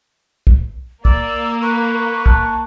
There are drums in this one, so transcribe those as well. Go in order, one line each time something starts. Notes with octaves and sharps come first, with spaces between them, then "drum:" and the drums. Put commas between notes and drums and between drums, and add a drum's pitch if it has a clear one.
drum: kick
A#3 D5 E6, drum: kick
B4 C#6
A5 F#6, drum: kick